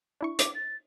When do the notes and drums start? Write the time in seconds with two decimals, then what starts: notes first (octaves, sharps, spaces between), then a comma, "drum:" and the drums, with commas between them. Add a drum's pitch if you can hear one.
0.21 D4 E4 C#6
0.39 D6, drum: hi-hat
0.55 A6